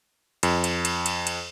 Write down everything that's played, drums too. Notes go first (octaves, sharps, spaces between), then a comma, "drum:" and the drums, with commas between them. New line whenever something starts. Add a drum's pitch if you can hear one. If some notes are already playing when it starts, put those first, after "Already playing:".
F2, drum: cymbal
drum: cymbal
drum: cymbal
drum: cymbal
drum: cymbal